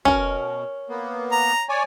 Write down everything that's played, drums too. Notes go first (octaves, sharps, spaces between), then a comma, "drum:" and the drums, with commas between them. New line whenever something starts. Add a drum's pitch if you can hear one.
B2 C#4 A#4, drum: kick
A#3 B3
A#5
C#5 D5 G#5